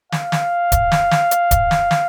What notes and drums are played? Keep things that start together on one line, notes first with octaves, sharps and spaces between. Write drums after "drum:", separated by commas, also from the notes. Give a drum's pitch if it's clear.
F5, drum: snare
drum: snare
drum: kick, hi-hat
drum: snare
drum: snare
drum: hi-hat
drum: kick, hi-hat
drum: snare
drum: snare